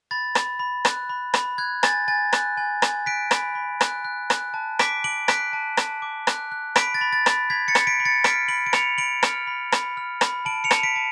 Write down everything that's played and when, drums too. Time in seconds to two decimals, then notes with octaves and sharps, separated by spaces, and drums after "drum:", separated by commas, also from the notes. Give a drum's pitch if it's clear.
0.11 B5 A6
0.35 B5, drum: rim click
0.59 B5
0.85 F#6, drum: rim click
1.09 B5
1.34 B5, drum: rim click
1.58 F#6 G#6
1.83 G#5 A6, drum: rim click
2.08 G#5 A6
2.33 F#6, drum: rim click
2.57 G#5
2.82 G#5, drum: rim click
3.06 F#6 B6 D7
3.31 B5, drum: rim click
3.55 B5
3.81 F#6, drum: rim click
4.05 F#6
4.30 F#6, drum: rim click
4.54 A5
4.79 D6 B6 D7, drum: rim click
5.04 D6 D7 F#7
5.28 F#6 B6 D7, drum: rim click
5.53 A5
5.77 A5, drum: rim click
6.02 D6
6.27 F#6, drum: rim click
6.52 F#6
6.76 B5 B6 D7, drum: rim click
6.94 A6
7.01 B5
7.13 A6
7.26 B5, drum: rim click
7.50 B5 G#6 B6
7.68 A6 C#7
7.75 B5, drum: rim click
7.87 B6 D7
8.00 B5
8.05 A6 C#7
8.24 F6 B6 D7, drum: rim click
8.48 B5 D7 F#7
8.66 D7
8.73 B5 C#7 F7, drum: rim click
8.98 B5 D7 F#7
9.23 F6, drum: rim click
9.47 B5
9.72 B5, drum: rim click
9.97 F6
10.21 B5, drum: rim click
10.45 A5 D7 F#7
10.64 C#7 F7
10.71 A5, drum: rim click
10.83 B6 D7
10.96 A5